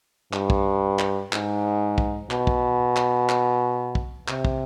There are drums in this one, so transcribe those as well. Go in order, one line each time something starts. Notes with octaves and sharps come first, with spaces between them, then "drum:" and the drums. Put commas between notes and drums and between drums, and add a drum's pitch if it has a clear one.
G2, drum: clap
drum: kick
drum: clap
G#2, drum: clap
drum: kick
B2, drum: clap
drum: kick
drum: clap
drum: clap
drum: kick
C3, drum: clap
drum: kick